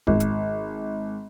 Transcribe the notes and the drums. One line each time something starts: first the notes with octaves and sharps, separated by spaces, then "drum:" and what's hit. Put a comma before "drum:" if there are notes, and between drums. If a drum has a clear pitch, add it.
G#1, drum: kick D1
drum: hi-hat